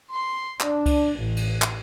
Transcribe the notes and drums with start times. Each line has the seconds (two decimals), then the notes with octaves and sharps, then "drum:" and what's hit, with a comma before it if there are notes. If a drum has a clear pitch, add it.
0.14 C6
0.60 D4, drum: clap
0.86 drum: kick C#2, cymbal
1.18 A1
1.36 drum: cymbal
1.62 drum: clap